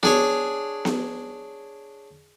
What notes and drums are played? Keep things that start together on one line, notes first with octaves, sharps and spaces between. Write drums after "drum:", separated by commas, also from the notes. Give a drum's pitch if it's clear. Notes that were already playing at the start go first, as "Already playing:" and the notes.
D4 G#4 C#5, drum: snare B3
drum: snare B3